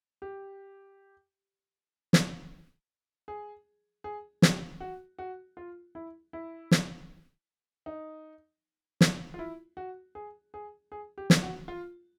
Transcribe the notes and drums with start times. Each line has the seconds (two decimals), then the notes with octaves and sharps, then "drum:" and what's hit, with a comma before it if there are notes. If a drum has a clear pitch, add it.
0.22 G4
2.13 drum: snare
3.28 G#4
4.04 G#4
4.42 G4, drum: snare
4.80 F#4
5.18 F#4
5.57 F4
5.95 E4
6.33 E4
6.71 drum: snare
7.86 D#4
9.01 drum: snare
9.34 F4
9.39 E4
9.77 F#4
10.15 G#4
10.54 G#4
10.92 G#4
11.18 G4
11.30 drum: snare
11.43 F#4
11.68 F4